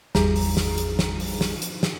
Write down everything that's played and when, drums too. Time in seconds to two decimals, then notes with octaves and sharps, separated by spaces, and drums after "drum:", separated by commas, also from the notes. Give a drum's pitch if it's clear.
0.15 G#1 E2 G3 G#4 A#5, drum: snare
0.36 drum: open hi-hat
0.57 drum: snare
0.78 drum: hi-hat
0.99 drum: snare
1.20 drum: open hi-hat
1.41 drum: snare
1.62 drum: hi-hat
1.83 drum: snare